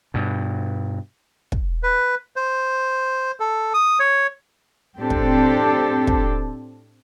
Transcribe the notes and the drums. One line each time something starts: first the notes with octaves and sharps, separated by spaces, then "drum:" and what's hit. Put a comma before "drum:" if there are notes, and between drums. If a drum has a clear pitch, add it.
G2 B2
drum: kick
B4
C5
A4
D#6
C#5
A2 C4 D4 G4 A4
drum: kick
drum: kick